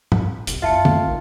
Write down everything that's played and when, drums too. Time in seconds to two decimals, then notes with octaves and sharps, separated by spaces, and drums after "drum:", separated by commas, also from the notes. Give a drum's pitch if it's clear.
0.12 drum: tom
0.47 F1 C2, drum: hi-hat
0.62 F#2 F4 E5 A5 C#7
0.85 A3, drum: tom
1.07 A#1 D#3